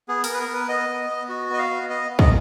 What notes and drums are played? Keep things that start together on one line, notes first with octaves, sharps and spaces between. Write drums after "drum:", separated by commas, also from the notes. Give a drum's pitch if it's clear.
B3 G#4
B3 A#4, drum: open hi-hat
B4
A#4
B3
B4
B3 D#5
B3
B3
F#4
B3 D#5
F5
B3
B3 D#5
B3
D#5, drum: kick